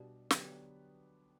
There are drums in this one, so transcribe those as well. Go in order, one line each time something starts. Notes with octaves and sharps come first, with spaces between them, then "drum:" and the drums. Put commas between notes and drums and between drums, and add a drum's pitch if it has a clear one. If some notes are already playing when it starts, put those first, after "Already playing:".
Already playing: B2 G3 D4 G4 D5
D3 F#3 B3 D4 G4, drum: snare